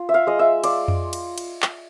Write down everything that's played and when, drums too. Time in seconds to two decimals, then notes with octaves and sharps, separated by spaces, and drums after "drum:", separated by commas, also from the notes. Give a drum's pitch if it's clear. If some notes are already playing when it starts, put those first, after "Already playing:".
Already playing: F4
0.09 E5
0.14 F5
0.27 G#3 D#5
0.39 E5
0.64 F4 D5, drum: cymbal
0.88 drum: tom F2
1.13 drum: cymbal
1.38 drum: cymbal
1.62 drum: clap